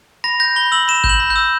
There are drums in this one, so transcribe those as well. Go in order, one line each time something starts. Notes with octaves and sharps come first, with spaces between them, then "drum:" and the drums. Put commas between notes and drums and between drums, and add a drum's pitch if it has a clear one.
B5 A#6
G6 A#6
B5 G7
E6 F#7
B5 E7
G6, drum: kick G1
F#7
B5
G6
E6